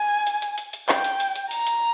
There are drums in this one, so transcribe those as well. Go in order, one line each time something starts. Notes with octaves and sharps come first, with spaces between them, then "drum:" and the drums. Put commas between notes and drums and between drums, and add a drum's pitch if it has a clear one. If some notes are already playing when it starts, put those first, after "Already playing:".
Already playing: G#5
drum: hi-hat
drum: hi-hat
drum: hi-hat
drum: hi-hat
G5, drum: clap
drum: hi-hat
drum: hi-hat
drum: hi-hat
A#5, drum: open hi-hat
drum: hi-hat